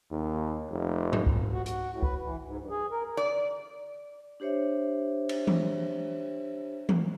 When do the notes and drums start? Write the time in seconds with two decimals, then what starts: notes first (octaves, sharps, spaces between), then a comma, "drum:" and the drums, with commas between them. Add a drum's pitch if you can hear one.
0.11 D#2
0.70 F1
1.13 drum: tom G#2
1.27 drum: kick
1.53 F#4
1.66 F#4, drum: hi-hat
1.91 A2
2.03 B4, drum: kick
2.22 E3
2.44 G#2
2.59 G2
2.70 G#4
2.91 A#4
3.17 D5
4.40 D4 G4 C5 C#5 E5
5.29 drum: cymbal
5.47 drum: tom E3
6.89 drum: tom E3